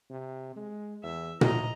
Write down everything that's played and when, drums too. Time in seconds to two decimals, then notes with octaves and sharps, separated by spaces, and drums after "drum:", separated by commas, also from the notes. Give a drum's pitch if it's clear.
0.10 C3
0.56 G#3
1.03 E2 E5
1.41 D2 D#5 A#5, drum: tom A#2